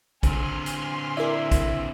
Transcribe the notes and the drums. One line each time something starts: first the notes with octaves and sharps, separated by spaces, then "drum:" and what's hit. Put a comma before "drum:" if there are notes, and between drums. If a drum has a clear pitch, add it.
D3 C4 G#5 C6 F6, drum: kick, hi-hat
drum: hi-hat
E4 A#4 D5
drum: kick, hi-hat